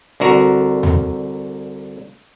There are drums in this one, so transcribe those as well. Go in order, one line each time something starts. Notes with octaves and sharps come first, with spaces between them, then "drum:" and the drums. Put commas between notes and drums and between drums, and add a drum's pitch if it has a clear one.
C2 D3 F#4 A#4
drum: tom D#2